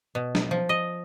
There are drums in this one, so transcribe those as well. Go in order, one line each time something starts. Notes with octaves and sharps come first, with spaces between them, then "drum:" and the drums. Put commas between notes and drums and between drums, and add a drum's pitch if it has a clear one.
B2
drum: snare
F3
D#5